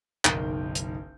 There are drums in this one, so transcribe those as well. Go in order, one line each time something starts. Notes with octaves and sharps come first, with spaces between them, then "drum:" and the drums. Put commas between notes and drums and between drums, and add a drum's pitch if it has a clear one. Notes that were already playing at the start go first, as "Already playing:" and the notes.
F#1 B1 D#3 A#4 G6, drum: clap
drum: hi-hat